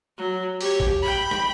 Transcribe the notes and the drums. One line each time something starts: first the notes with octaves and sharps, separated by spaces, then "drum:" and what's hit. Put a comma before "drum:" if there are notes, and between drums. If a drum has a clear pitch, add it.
F#3
G4 C#5, drum: open hi-hat
drum: kick
G5 B5
drum: rim click